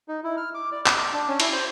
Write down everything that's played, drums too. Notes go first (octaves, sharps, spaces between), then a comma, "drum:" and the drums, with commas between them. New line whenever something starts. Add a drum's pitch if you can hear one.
D#4
E4
F6
D6
D5
D6, drum: clap
D6
D4
C#4
E4, drum: cymbal
C5